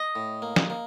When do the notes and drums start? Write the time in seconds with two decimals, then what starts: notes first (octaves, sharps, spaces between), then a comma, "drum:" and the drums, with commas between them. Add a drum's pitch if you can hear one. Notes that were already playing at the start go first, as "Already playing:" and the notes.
Already playing: D#5
0.15 A2
0.42 A#3
0.56 drum: snare
0.70 A#3